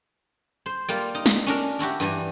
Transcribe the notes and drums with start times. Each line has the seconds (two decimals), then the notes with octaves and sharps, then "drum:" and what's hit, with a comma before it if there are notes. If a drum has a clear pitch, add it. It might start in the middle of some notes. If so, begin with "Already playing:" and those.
0.66 C5
0.89 G3 A#3 F4
1.15 D#4
1.26 drum: snare
1.46 C#4 D4 A#4
1.79 D4 E4 F#4 G4
2.00 G2 E3 G3 G#5